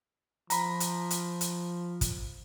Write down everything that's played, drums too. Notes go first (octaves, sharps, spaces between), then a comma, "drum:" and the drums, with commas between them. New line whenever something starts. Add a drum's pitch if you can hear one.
F3 A#5 B5, drum: hi-hat
drum: hi-hat
drum: hi-hat
drum: hi-hat
drum: kick, hi-hat